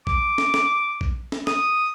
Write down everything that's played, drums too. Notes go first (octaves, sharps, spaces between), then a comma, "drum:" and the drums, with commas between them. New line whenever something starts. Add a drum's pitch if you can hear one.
D6, drum: kick
drum: snare
drum: snare
drum: kick
drum: snare
D#6, drum: snare